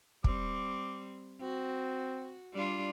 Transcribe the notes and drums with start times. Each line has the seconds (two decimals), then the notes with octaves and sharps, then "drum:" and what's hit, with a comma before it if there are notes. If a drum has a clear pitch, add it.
0.24 G3 C4 D6, drum: kick
1.41 C4 F#4
2.53 G3 D4 F4